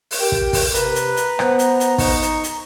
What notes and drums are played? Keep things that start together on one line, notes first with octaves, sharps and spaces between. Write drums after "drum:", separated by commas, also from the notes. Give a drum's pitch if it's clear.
drum: open hi-hat
G4 A#4 G5
drum: kick
drum: kick, open hi-hat
C3 B4 A#5, drum: hi-hat
drum: hi-hat
drum: hi-hat
B3 C5, drum: rim click
drum: hi-hat
drum: hi-hat
D#4 C#6, drum: kick, open hi-hat
drum: hi-hat
drum: hi-hat